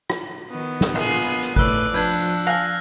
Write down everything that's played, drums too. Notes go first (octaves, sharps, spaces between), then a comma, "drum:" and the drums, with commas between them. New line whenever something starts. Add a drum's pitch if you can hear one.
drum: rim click
D#3 B3
drum: snare
A#1 F4 G#4
drum: hi-hat
A2 B4 D5 E6 F#6, drum: kick G#1
F3 D4 B4 G6 G#6 F#7
F5 G#5 F6 F#6 A#6